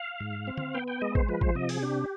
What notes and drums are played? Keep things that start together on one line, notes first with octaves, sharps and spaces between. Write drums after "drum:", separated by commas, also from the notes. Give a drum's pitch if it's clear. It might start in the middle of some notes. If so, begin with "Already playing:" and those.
Already playing: F5
G#2
C4
drum: tom D3
B3 G5
G5
G#3 D#5
C5, drum: kick A1
F3 B4
C5, drum: kick A1
C3 D#5
G#4, drum: open hi-hat
D4 G4